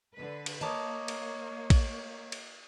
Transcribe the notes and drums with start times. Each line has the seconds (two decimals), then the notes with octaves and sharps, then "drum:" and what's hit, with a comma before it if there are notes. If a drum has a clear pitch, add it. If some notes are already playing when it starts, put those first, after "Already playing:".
0.15 D3 B4
0.46 drum: cymbal
0.61 A#3 C#5 D#5 A5 A#5 D6 D#6
1.08 drum: cymbal
1.70 drum: kick, cymbal
2.32 drum: cymbal